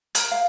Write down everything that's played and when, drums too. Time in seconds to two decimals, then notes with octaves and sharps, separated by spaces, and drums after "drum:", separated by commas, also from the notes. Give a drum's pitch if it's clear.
0.15 A#4 A#5, drum: hi-hat
0.31 F5